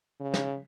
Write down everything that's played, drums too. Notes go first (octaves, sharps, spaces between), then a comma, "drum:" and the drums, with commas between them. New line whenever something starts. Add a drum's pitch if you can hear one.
C#3
drum: snare